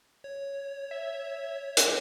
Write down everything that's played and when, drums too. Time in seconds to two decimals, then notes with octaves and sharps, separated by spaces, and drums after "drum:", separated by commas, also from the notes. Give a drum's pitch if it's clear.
0.24 C#5
0.91 E5
1.77 drum: hi-hat